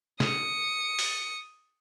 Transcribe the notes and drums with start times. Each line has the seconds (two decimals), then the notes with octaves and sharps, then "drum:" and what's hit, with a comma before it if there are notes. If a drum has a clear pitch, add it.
0.20 D#6 C#7, drum: snare
0.99 drum: open hi-hat